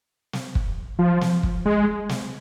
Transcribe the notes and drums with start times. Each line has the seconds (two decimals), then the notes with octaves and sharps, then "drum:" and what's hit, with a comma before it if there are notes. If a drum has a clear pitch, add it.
0.33 drum: snare
0.55 drum: kick
0.99 F3
1.21 drum: snare
1.43 drum: kick
1.65 G#3
2.09 drum: snare